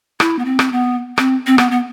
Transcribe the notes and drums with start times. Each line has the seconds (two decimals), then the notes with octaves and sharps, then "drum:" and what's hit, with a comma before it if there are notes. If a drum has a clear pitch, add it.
0.20 E4, drum: rim click
0.39 B3
0.45 C4
0.59 drum: rim click
0.72 B3
1.18 C4, drum: rim click
1.47 C4
1.58 B3, drum: rim click
1.71 B3